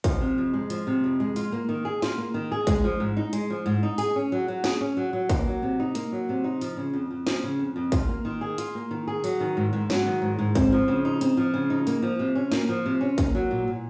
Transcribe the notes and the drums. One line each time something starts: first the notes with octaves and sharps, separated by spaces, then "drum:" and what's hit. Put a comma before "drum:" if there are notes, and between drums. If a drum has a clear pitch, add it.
F3, drum: kick, hi-hat
C3
F2
G#3
F3, drum: hi-hat
C3
F2
G#3
F4, drum: open hi-hat
A#3
D#3
G#4
F4, drum: snare
A#3
D#3
G#4
G#3, drum: kick, hi-hat
F3
G#2
D#4
G#3, drum: hi-hat
F3
G#2
D#4
G#4, drum: open hi-hat
C#4
F#3
F#3
G#4, drum: snare
C#4
F#3
F#3
A#3, drum: kick, hi-hat
F#3
C3
D#4
A#3, drum: hi-hat
F#3
C3
D#4
F3, drum: open hi-hat
C#3
F2
F2
F3, drum: snare
C#3
F2
F2
F4, drum: kick, hi-hat
A#3
D#3
G#4
F4, drum: hi-hat
A#3
D#3
G#4
F#3, drum: open hi-hat
D#3
G#2
G#2
F#3, drum: snare
D#3
G#2
G#2
C4, drum: kick, hi-hat
F3
C#3
D#4
C4, drum: hi-hat
F3
C#3
D#4
A#3, drum: open hi-hat
F3
C3
C#4
A#3, drum: snare
F3
C3
C#4
A#3, drum: kick, hi-hat
F#3
A#2
A#2